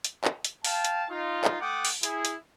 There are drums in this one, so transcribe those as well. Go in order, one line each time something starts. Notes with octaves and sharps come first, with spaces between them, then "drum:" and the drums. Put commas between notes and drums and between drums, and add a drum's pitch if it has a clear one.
drum: hi-hat
drum: clap
drum: hi-hat
F5 G5 A5, drum: open hi-hat
drum: hi-hat
D#4 F4
drum: clap
A3 F#5 G5 D6 D#6
drum: open hi-hat
E4 G#4, drum: hi-hat
drum: hi-hat